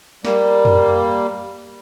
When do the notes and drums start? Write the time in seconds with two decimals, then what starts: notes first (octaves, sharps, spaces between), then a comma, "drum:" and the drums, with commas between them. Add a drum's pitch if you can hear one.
0.25 G3 A#3, drum: snare
0.65 drum: tom F2